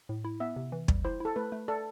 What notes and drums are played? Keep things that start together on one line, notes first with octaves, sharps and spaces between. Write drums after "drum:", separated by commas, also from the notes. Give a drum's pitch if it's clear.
A2
E4
B3 E5
C3
E3
G3, drum: kick
E4 C5
E4 A4
A3 B4
A3
A4 D5